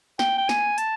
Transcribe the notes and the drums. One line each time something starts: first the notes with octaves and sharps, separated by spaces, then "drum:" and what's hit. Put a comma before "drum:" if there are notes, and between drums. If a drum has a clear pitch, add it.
G5, drum: snare
G5
G#5, drum: snare
A5, drum: hi-hat